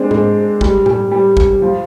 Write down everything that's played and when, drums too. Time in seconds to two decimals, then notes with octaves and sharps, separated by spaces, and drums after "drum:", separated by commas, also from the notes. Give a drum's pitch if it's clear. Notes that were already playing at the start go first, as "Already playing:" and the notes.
Already playing: G#3 C4 D4
0.11 G#3, drum: tom G#2
0.61 G3, drum: kick
0.86 G3, drum: tom A2
1.11 G3
1.37 drum: kick
1.62 F3